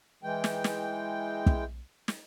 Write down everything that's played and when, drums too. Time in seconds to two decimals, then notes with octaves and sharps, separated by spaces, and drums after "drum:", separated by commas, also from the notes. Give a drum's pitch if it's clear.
0.23 E3 G#3 G5
0.44 drum: snare
0.64 drum: snare
1.46 drum: kick
2.08 drum: snare